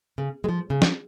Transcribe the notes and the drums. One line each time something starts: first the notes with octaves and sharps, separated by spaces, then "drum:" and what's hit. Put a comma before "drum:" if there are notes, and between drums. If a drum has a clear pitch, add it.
C#3
G#3
F3
C#3
drum: snare